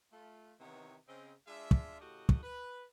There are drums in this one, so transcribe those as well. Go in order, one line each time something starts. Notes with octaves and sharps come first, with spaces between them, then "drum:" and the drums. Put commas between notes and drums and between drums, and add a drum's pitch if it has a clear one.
A3 F4
C3 D#3 E3 B3 D#4 C#5
C#3 C4 D#5
G#3 D4 F4 G#4 E5
drum: kick
A2 C#3 F#4 G4 A4 D#5
drum: kick
B4